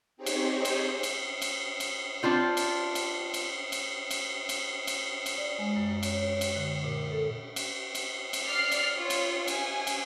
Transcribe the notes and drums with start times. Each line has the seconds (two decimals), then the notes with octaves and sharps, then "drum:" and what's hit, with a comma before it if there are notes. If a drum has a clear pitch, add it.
0.17 C4 D#4 G4 G#4 C5 C#5
0.26 drum: cymbal
0.65 drum: cymbal
1.03 drum: cymbal
1.42 drum: cymbal
1.80 drum: cymbal
2.23 C4 D4 F4 C5
2.57 drum: cymbal
2.95 drum: cymbal
3.34 drum: cymbal
3.72 drum: cymbal
4.11 drum: cymbal
4.49 drum: cymbal
4.87 drum: cymbal
5.26 drum: cymbal
5.38 D5
5.59 G#3
5.76 F#2
6.03 C#5, drum: cymbal
6.22 C#5
6.41 drum: cymbal
6.56 D3
6.84 A#2
7.11 A4
7.56 drum: cymbal
7.95 drum: cymbal
8.33 drum: cymbal
8.47 D5 F6 C7
8.72 drum: cymbal
8.96 F4 C#5
9.10 drum: cymbal
9.48 G#5, drum: cymbal
9.87 drum: cymbal